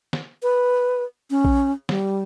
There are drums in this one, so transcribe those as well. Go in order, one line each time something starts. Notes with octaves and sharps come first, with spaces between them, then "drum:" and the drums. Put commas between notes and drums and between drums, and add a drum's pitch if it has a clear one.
drum: snare
B4
C#4
drum: kick A#1
G3, drum: snare